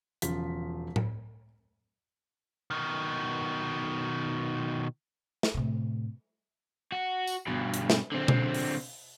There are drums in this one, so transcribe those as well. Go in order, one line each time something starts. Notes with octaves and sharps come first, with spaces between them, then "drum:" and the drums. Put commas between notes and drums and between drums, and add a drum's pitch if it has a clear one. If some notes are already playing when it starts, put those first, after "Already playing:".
E1 C#3 F3 F4 B6, drum: hi-hat
drum: tom A2
B2 D#3
drum: snare
A2 C3
F#4
drum: tambourine
G2 B2
drum: hi-hat
drum: snare
D3 C4
drum: tom B2
drum: open hi-hat